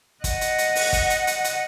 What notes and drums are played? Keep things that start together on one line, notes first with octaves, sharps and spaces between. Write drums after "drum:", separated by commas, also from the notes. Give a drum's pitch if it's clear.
D#5 F#5, drum: kick, hi-hat
drum: hi-hat
drum: hi-hat
drum: open hi-hat
drum: kick, hi-hat
drum: hi-hat
drum: hi-hat
drum: hi-hat